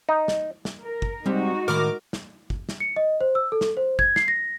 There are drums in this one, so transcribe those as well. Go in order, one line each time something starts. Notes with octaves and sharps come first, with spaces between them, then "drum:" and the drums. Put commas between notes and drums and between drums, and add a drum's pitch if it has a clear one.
D#4
drum: snare
drum: snare
A#4
drum: kick
G3 G#3 C4 D#4 F#4 G4
A2 D#3 A#4 B5 D6 F6
drum: snare
drum: kick
drum: snare
C#7
D#5
C5
E6
A4
drum: snare
C5
G#6, drum: kick
C7, drum: snare
A#6